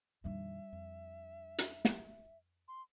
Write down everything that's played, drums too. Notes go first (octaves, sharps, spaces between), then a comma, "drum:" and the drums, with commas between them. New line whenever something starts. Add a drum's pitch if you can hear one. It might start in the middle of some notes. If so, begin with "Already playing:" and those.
F2 A#2 D#3 G3 D4 E5
F2
drum: hi-hat
drum: snare
C6